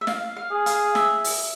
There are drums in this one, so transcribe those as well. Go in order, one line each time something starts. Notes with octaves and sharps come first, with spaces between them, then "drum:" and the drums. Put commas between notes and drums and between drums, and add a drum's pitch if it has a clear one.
E5
F5, drum: snare
F5
G#4
F5, drum: hi-hat
E5, drum: snare
drum: open hi-hat